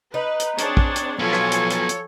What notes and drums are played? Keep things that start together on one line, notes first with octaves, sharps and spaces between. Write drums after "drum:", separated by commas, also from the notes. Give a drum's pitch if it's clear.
D#4 B4
drum: hi-hat
C4 D4 G#4 C#5, drum: hi-hat
drum: kick
drum: hi-hat
F3 F#3 B3 F4 A4 C#5 G#5
drum: rim click
drum: hi-hat
drum: hi-hat
drum: hi-hat